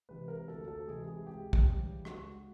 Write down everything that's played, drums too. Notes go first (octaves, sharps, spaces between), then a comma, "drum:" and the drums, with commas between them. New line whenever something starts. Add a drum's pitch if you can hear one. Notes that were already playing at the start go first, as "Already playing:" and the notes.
C3 E3 G#3 B4
A#4
D2 A4
A4
C3 E3 G#3 G#4
G#4
C#2 G4
drum: kick
C#3 E3 G3
C#2 F#4, drum: rim click